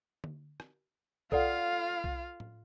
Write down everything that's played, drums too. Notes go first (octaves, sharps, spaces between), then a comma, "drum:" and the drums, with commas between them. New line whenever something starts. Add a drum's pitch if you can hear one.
drum: tom D3
drum: rim click
F4 A4 D5 F5 F#5, drum: kick B1
drum: kick B1
drum: tom A2